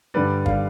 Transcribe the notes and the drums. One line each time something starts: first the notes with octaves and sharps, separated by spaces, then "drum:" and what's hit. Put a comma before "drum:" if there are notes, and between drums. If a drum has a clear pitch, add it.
G2 D3 G3 B4 D5
D3 G3 D5 F5, drum: kick